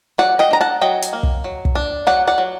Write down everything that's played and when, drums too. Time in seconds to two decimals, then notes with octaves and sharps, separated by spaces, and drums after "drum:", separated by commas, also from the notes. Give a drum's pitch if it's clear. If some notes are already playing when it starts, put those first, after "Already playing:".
0.18 F#3 D5 F#5
0.39 D#5 G5
0.51 D4 A#5
0.61 F#5 A5
0.81 F#3 D#5 G5
1.02 drum: hi-hat
1.13 A#3
1.23 drum: kick
1.44 F#3
1.65 drum: kick
1.75 D4
2.07 F#3 D5 F#5
2.27 D5 F#5
2.38 F#3